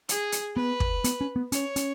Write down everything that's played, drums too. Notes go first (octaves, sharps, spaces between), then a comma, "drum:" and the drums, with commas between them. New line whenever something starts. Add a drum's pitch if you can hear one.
G#4, drum: hi-hat
drum: hi-hat
B3 B4
drum: kick
B3, drum: hi-hat
C#4
B3
C#4 C#5, drum: hi-hat
C#4, drum: hi-hat